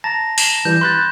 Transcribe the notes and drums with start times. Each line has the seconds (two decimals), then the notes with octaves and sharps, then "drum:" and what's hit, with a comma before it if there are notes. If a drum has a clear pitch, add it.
0.04 A5 A#5 A#6
0.38 E7 G7, drum: open hi-hat
0.65 E3 G3 G6
0.81 B5 C6 F#6 A6